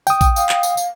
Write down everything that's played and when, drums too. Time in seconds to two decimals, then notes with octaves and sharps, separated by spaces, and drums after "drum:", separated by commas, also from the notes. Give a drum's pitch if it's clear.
0.07 G5 D#6, drum: tambourine
0.21 drum: kick A#1, tambourine
0.36 F5, drum: tambourine
0.49 drum: clap
0.63 drum: tambourine
0.77 drum: tambourine